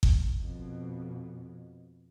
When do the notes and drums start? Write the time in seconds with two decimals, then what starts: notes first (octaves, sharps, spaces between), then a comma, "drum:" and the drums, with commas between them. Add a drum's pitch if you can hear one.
0.03 drum: kick G#1
0.41 F2 B2